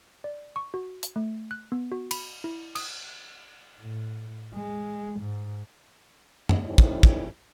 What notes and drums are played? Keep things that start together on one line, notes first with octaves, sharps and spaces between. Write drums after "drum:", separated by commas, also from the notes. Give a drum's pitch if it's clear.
D5
C#6
F#4
drum: hi-hat
A3
F#6
B3
F#4
B5, drum: cymbal
E4
D#6, drum: cymbal
A2
G#3
G#2
drum: tom F#2
A2 E3 G3 C4 C#4 D#4
drum: kick
drum: kick